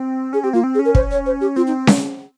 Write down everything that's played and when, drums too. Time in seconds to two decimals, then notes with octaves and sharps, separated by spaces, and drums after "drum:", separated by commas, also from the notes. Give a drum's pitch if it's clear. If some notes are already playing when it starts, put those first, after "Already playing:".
Already playing: C4
0.33 C#4 G#4
0.43 C4 G4
0.53 A#3 F4
0.64 C4
0.74 G#4
0.79 C#4
0.85 A#4
0.95 C5, drum: kick
1.11 C#5
1.26 C5
1.41 G4
1.56 C4 F4
1.67 D#4
1.87 drum: snare C#4